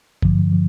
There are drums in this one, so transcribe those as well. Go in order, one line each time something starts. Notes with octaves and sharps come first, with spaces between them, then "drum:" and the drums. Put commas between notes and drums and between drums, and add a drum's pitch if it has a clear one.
G2 D3 F3, drum: kick G#1
F3